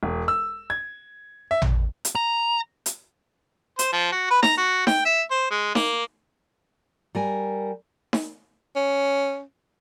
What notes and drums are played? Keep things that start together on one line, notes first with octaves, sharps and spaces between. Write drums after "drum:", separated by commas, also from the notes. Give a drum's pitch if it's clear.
E1
E6
G#6
E5
drum: tom
drum: hi-hat
A#5
drum: hi-hat
C5, drum: hi-hat
F3
F#4
B4
A#5, drum: snare D#4
F#4
G5, drum: snare D#4
E5
C5
G#3
A#3, drum: snare D#4
G3 A#4 G#5
drum: snare D#4
C#4